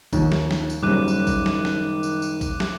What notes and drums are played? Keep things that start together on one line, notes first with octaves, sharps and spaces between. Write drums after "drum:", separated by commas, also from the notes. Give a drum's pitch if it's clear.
D#2 D#3 F3, drum: kick A#1, tambourine
drum: snare
drum: snare
drum: tambourine
F#1 F#2 D#3 F#3 G3 D6 F#6 D#7
drum: tambourine
drum: kick A#1, tambourine
drum: snare
drum: snare
drum: tambourine
drum: tambourine
drum: kick A#1, tambourine
drum: snare